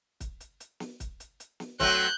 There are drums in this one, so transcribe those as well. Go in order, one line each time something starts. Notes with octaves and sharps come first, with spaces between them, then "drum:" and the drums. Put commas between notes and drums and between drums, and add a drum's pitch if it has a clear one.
drum: kick, hi-hat
drum: hi-hat
drum: hi-hat
drum: snare
drum: kick, hi-hat
drum: hi-hat
drum: hi-hat
drum: snare
F#3 A3 C4 F#6 G6, drum: kick, hi-hat
drum: hi-hat